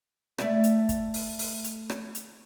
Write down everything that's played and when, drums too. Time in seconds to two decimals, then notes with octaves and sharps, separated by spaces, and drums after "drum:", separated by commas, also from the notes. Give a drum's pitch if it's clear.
0.38 A3 D5 E5, drum: rim click
0.64 drum: hi-hat
0.89 drum: kick, hi-hat
1.14 drum: open hi-hat
1.39 drum: open hi-hat
1.64 drum: hi-hat
1.89 drum: rim click
2.15 drum: hi-hat